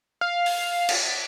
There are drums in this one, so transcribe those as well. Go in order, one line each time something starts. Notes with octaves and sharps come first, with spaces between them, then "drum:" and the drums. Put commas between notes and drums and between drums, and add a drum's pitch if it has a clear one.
F5
drum: open hi-hat
drum: cymbal